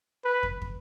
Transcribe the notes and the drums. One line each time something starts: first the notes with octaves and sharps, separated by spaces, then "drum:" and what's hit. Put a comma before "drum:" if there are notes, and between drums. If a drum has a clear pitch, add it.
B4
drum: kick
drum: kick